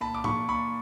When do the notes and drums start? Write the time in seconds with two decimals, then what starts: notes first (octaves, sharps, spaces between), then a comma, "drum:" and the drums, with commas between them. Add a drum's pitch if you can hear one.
0.01 A#2 A5 B5
0.14 D6
0.24 A#2 B5 C#6, drum: tom G#2
0.49 A#2 B5 C#6